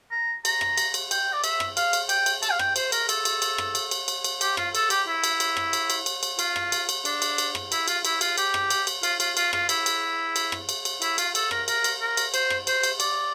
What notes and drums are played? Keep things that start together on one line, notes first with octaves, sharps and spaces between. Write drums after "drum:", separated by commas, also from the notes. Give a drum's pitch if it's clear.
A#5
A#5, drum: cymbal
drum: rim click
drum: cymbal
drum: cymbal
G5, drum: cymbal
D5
E5, drum: cymbal
drum: rim click
F5, drum: cymbal
drum: cymbal
G5, drum: cymbal
drum: cymbal
A5, drum: cymbal
F5
G5, drum: rim click
C5, drum: cymbal
A#4, drum: cymbal
A4, drum: cymbal
drum: cymbal
drum: cymbal
drum: rim click
drum: cymbal
drum: cymbal
drum: cymbal
drum: cymbal
G4, drum: cymbal
F4, drum: rim click
A4, drum: cymbal
G4, drum: cymbal
E4
drum: cymbal
drum: cymbal
drum: rim click
drum: cymbal
drum: cymbal
drum: cymbal
drum: cymbal
F4, drum: cymbal
drum: rim click
drum: cymbal
drum: cymbal
D4, drum: cymbal
drum: cymbal
drum: cymbal
drum: rim click
E4, drum: cymbal
F4, drum: cymbal
E4, drum: cymbal
F4, drum: cymbal
G4, drum: cymbal
drum: rim click
drum: cymbal
drum: cymbal
F4, drum: cymbal
F4, drum: cymbal
F4, drum: cymbal
F4, drum: rim click
E4, drum: cymbal
drum: cymbal
drum: cymbal
drum: rim click
drum: cymbal
drum: cymbal
E4, drum: cymbal
F4, drum: cymbal
A4, drum: cymbal
A#4, drum: rim click
A#4, drum: cymbal
drum: cymbal
A#4
drum: cymbal
C5, drum: cymbal
drum: rim click
C5, drum: cymbal
drum: cymbal
D5, drum: cymbal